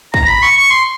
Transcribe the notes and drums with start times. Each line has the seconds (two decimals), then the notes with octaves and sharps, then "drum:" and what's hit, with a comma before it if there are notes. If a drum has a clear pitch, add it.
0.14 A#5, drum: kick
0.28 B5
0.43 C#6
0.57 C#6
0.71 C6